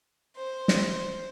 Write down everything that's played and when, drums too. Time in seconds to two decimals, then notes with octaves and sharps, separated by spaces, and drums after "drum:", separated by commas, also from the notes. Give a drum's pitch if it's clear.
0.37 C5
0.68 drum: snare